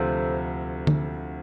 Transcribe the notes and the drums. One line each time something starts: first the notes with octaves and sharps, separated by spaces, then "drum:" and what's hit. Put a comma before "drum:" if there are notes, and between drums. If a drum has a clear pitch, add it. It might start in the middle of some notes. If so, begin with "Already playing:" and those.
Already playing: D2 C3 F3 A4 C5
drum: tom D3